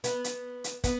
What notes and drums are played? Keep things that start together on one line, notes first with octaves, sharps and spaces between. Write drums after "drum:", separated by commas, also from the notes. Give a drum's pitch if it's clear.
B3, drum: hi-hat
drum: hi-hat
drum: hi-hat
B3, drum: kick, hi-hat